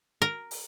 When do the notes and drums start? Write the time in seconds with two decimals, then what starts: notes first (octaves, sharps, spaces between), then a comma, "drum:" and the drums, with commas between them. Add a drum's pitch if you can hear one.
0.22 A#4
0.51 drum: open hi-hat